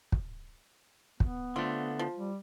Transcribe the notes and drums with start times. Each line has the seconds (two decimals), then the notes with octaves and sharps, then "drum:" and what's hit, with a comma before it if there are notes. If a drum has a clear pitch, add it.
0.12 drum: kick
1.20 B3, drum: kick
1.56 D3 A3 C4 F4
1.99 F3
2.15 G3